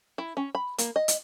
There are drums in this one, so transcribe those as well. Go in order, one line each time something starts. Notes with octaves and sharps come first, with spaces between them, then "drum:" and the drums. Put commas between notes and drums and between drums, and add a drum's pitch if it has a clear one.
E4
C#4
B5
A#3, drum: hi-hat
D#5
drum: hi-hat